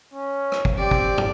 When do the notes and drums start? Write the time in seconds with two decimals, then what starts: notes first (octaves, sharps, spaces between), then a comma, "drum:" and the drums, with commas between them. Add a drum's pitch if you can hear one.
0.14 C#4
0.52 drum: rim click
0.65 drum: kick
0.78 C4 G4 D5
0.91 drum: kick
1.18 drum: tom